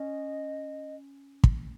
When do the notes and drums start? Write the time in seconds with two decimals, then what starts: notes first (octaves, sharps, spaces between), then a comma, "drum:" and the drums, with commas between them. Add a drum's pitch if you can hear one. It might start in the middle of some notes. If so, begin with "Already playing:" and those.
Already playing: C#4 D#5
1.44 drum: kick